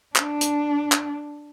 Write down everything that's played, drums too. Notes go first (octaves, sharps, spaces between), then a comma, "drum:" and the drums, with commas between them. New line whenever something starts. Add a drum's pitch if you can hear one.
D4, drum: clap
drum: hi-hat
drum: clap